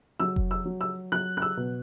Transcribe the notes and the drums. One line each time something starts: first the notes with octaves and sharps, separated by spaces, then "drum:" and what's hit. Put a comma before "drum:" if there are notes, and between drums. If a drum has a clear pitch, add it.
F#3 E6
drum: kick F1
E6
F#3
E6
F#3 F#6
F#6
E6
B2